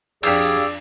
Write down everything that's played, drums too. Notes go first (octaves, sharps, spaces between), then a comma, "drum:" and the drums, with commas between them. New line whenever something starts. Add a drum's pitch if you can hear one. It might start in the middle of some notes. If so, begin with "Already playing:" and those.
F2 D4 G4 G#4 D5 F5 E6, drum: cymbal